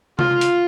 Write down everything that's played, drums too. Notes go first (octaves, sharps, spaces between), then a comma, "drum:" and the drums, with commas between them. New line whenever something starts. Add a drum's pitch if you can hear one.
F4, drum: tom C3
drum: hi-hat